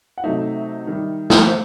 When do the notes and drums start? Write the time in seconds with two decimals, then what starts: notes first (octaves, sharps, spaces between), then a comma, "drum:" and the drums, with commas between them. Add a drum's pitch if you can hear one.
0.18 F#5
0.24 C3 F#3 A3 D#4 E5
0.87 D#3 G3 D#4
1.30 drum: snare
1.47 C5